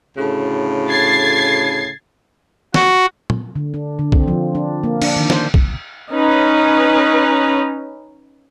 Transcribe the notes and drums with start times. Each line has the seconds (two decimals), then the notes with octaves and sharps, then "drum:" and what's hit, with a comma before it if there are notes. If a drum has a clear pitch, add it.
0.18 D2 A2 C#3
0.89 G#6 A6 C7
2.74 F#4, drum: snare
3.30 drum: tom
3.56 D3
3.74 D4
3.99 D3
4.12 C4, drum: kick
4.28 F3
4.55 D4
4.84 A#3
5.02 D4, drum: cymbal
5.16 D#3
5.30 C5, drum: snare
5.54 drum: kick
6.13 C#4 D#4 B4